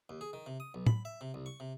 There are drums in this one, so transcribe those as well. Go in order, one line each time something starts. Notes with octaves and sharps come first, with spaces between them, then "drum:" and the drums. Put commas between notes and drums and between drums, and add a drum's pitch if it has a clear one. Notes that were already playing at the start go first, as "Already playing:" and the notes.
D#2
G#4
D#3
C3
D#6
B1
B5, drum: tom A2
E5
C3
C2
C#6
C3